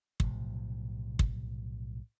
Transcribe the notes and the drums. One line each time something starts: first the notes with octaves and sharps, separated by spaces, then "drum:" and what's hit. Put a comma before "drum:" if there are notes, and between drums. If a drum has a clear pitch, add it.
B1 A2 C3 F3, drum: kick
drum: kick